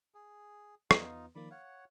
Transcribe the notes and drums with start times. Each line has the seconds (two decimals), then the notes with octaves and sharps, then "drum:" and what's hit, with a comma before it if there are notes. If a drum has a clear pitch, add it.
0.15 G#4
0.91 E2 B3 D#4 F4 D#5, drum: rim click
1.35 D#3 F3 A#3 D5 B5
1.51 C#5 F5 F#5